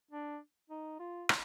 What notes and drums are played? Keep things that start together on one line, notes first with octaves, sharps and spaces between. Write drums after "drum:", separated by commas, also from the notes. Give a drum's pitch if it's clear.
D4
D#4
F4
drum: rim click